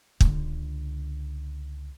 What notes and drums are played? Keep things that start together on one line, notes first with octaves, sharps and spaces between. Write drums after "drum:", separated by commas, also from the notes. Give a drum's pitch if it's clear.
C#2 D3, drum: kick